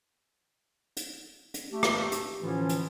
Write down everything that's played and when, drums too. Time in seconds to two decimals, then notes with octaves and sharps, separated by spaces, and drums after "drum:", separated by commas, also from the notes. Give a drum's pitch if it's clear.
0.97 drum: hi-hat
1.54 drum: hi-hat
1.70 A3 G4
1.83 drum: rim click
2.12 drum: hi-hat
2.40 A2 D3 E3 F3 C#4 F4
2.69 drum: hi-hat